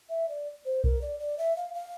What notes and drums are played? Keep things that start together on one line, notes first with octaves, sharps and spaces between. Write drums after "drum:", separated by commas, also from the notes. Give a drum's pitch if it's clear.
E5
D5
C5
A#4, drum: kick B1
D5
D5
E5
F5
F5